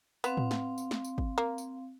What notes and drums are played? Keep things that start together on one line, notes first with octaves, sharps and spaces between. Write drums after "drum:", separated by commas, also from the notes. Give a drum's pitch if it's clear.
B3 C4 F5, drum: tambourine
drum: tom A2
drum: snare
drum: tambourine
drum: snare
drum: tambourine
drum: kick
A#3
drum: tambourine